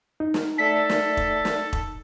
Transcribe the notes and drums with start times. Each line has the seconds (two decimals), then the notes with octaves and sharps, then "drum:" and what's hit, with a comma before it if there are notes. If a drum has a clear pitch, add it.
0.20 D#4
0.34 drum: snare
0.58 A3 A4 D5 E5 B6
0.89 drum: snare
1.17 drum: kick E1
1.45 drum: snare
1.73 drum: kick E1